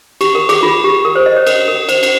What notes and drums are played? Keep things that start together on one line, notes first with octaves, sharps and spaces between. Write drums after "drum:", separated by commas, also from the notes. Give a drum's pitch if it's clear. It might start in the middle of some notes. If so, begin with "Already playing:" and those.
G4, drum: cymbal
A#4
G#4, drum: cymbal
F4
G4
A#4
C5
D#5
C#5
A#4, drum: cymbal
A#4
C5, drum: cymbal
drum: cymbal